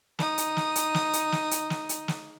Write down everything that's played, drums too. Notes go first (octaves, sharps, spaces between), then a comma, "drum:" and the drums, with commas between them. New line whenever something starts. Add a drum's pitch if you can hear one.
D#4 D#6, drum: snare
drum: hi-hat
drum: snare
drum: hi-hat
drum: snare
drum: hi-hat
drum: snare
drum: hi-hat
drum: snare
drum: hi-hat
drum: snare